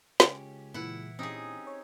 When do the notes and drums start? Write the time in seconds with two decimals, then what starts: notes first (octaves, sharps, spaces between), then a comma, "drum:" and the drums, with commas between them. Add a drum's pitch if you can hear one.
0.20 C#2 C#4 G4, drum: snare
0.74 A#2 E3 E4 F#5
1.19 C4 C#4 D#4 G4 G#4
1.67 C#5